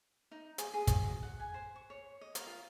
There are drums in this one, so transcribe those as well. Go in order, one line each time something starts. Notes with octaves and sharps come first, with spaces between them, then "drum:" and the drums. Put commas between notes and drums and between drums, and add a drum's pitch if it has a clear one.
D#4
G#4, drum: hi-hat
G#4
drum: kick, hi-hat
F#4
F#5
G#5
C5
C#6
C#5
D#5
A#4, drum: hi-hat
F4